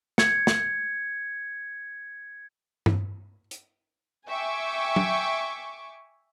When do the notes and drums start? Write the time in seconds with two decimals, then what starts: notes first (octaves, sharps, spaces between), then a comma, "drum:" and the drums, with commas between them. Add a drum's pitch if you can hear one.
0.18 G#6 C#7, drum: snare
0.47 drum: snare
2.86 drum: tom G2
3.51 drum: hi-hat
4.28 E5 G5 G#5 C#6 D6
4.96 drum: tom